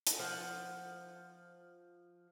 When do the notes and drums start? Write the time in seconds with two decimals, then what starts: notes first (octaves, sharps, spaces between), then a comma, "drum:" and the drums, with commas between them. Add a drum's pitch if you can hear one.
0.07 drum: hi-hat
0.19 F3 F#5